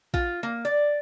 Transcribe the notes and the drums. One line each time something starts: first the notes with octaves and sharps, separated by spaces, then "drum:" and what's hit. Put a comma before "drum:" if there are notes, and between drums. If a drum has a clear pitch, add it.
F4, drum: kick
A#3
D5